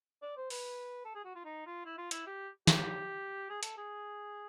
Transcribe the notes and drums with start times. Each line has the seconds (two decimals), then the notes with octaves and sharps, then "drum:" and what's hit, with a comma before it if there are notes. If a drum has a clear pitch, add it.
0.22 D5
0.37 C5
0.50 B4, drum: open hi-hat
1.05 A4
1.15 G#4
1.24 F#4
1.35 F4
1.45 D#4
1.66 F4
1.86 E4
1.98 F4
2.11 E4, drum: hi-hat
2.26 G4
2.67 G4, drum: snare
3.50 G#4
3.63 A4, drum: hi-hat
3.77 G#4